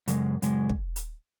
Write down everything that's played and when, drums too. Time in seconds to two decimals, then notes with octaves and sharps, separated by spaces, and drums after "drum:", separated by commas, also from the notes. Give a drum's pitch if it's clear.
0.08 F#2 C#3 G#3, drum: hi-hat
0.42 F#2 C#3 G#3, drum: hi-hat
0.69 drum: kick
0.96 drum: hi-hat